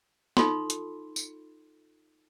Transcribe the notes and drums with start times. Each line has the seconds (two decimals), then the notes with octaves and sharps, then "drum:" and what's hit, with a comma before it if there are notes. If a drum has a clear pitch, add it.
0.37 D#4 F4 A4 B5 C6, drum: snare
0.70 drum: hi-hat
1.16 drum: tambourine